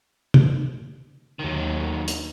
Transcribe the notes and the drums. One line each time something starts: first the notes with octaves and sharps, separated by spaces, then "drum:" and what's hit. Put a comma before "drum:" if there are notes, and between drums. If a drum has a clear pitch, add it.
drum: tom C3
D#2 D#3 F#3
drum: hi-hat